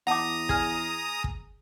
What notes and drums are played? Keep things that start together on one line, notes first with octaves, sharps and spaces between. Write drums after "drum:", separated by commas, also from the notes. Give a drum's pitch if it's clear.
E2 F#5 A5 A#5 D6 D#6
G#4 F6, drum: kick
drum: kick